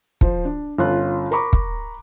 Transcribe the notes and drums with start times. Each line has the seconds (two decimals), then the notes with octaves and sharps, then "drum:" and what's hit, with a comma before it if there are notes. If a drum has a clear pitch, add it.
0.21 F3 C5, drum: kick
0.45 D4
0.78 G1 C#4 F4 F#6
1.31 A#4 A#5 B5 C#6 D6
1.53 drum: kick